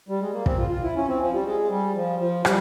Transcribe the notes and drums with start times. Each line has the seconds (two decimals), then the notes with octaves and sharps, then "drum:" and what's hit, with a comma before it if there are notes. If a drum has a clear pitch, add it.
0.09 G3
0.20 G#3
0.33 A#3
0.46 C4, drum: kick
0.58 F4
0.70 F4
0.83 E4
0.96 C#4
1.08 C4
1.20 F3
1.32 G3
1.45 G#3
1.70 G3
1.95 F3
2.19 F3
2.45 G3, drum: rim click